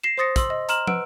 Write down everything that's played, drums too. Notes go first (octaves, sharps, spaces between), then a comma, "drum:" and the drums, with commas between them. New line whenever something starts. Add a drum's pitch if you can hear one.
A#6 C7 E7
C5 C6 D#6 A6 A#6 C#7
C6 E6 F#7, drum: kick, hi-hat
D#5
A#5 C6 F6 E7 F#7, drum: hi-hat
B4 F#5 E6 D7, drum: tom